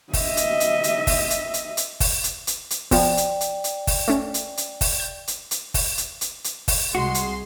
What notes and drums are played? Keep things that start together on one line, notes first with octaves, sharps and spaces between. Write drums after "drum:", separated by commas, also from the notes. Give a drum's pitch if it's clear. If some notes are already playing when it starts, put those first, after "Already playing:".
D#5 E5, drum: kick, open hi-hat
drum: hi-hat
drum: hi-hat
drum: hi-hat
drum: kick, open hi-hat
drum: hi-hat
drum: hi-hat
drum: hi-hat
drum: kick, open hi-hat
drum: hi-hat
drum: hi-hat
drum: hi-hat
F3 B3 D5 G5, drum: kick, open hi-hat
drum: hi-hat
drum: hi-hat
drum: hi-hat
drum: kick, open hi-hat
A3 C#4
drum: hi-hat
drum: hi-hat
drum: kick, open hi-hat
G6
drum: hi-hat
drum: hi-hat
drum: kick, open hi-hat
drum: hi-hat
drum: hi-hat
drum: hi-hat
drum: kick, open hi-hat
C2 G#3 F#4 C6
drum: hi-hat